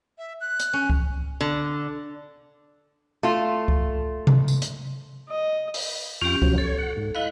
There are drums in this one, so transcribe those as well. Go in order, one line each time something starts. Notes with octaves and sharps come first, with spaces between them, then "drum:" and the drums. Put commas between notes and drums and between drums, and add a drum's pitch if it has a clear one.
E5
F#6
drum: hi-hat
C#4
drum: kick C#2
D3
A3 F4
drum: kick C#2
drum: tom C3
drum: tambourine
drum: hi-hat
D#5
drum: open hi-hat
F2 C#4 F4 G4 G5
B2 F3 F#3, drum: kick C#2
A4 C#5
F#5
G#2
E4 D#5 F5 B5 F#6